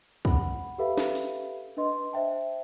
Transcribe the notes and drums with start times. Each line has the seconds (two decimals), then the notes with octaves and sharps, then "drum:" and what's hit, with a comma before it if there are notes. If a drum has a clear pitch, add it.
0.25 F#5 B5, drum: kick
0.78 G4 A4 B4 E5 F5 B5
0.97 drum: snare
1.15 drum: open hi-hat
1.77 D4 B4 D#5 C6
2.13 C5 E5 G5 A5